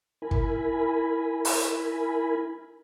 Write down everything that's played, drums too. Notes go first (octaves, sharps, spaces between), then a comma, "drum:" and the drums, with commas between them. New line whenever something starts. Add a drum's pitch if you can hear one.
E4 A#4 G#5 B5
drum: kick
drum: open hi-hat